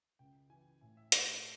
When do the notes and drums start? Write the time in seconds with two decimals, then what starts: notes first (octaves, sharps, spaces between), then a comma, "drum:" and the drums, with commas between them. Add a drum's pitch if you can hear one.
0.19 C#2 G5
0.50 E3 G#5
0.81 A2 G#5
0.97 E5
1.12 A3 A#4, drum: hi-hat
1.28 A4